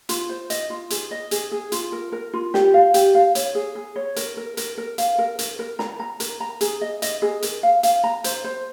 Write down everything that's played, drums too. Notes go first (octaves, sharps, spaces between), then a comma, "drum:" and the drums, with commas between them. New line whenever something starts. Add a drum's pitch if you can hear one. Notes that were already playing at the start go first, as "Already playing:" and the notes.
F4, drum: hi-hat
C5
D#5, drum: hi-hat
F4
G#4, drum: hi-hat
D#5
G#4, drum: hi-hat
G#4
F4, drum: hi-hat
A#4
A#4
F4
G4, drum: snare
F5
G4, drum: hi-hat
F5
C#5, drum: hi-hat
G#4
G#4
C#5
A#4, drum: hi-hat
A#4
A#4, drum: hi-hat
A#4
F5, drum: hi-hat
A#4
A#4, drum: hi-hat
A#4
A#5, drum: snare
A#5
A#4, drum: hi-hat
A#5
G#4, drum: hi-hat
D#5
D#5, drum: hi-hat
G#4
A#4, drum: hi-hat
F5
F5, drum: hi-hat
A#5
C5, drum: hi-hat
C5